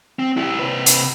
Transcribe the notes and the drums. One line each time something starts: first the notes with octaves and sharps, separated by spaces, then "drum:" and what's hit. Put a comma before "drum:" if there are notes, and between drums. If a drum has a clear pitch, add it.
C4
E4 G4
C3 B4
drum: hi-hat